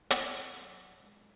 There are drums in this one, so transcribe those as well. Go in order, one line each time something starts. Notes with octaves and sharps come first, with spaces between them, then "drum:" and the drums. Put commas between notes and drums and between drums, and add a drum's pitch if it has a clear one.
C4 E4, drum: hi-hat
F#3
G#3